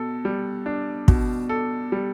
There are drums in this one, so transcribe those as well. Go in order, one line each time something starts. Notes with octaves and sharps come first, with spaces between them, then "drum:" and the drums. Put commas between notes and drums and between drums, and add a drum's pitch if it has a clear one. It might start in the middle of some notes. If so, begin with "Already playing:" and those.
Already playing: B2 A4
G3
D4
B2, drum: kick
A4
G3